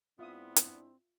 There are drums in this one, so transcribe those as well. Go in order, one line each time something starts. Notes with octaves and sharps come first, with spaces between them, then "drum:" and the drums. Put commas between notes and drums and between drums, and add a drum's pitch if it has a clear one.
G#2 B3 C4 D4 E4 F4 E5 D#6
drum: hi-hat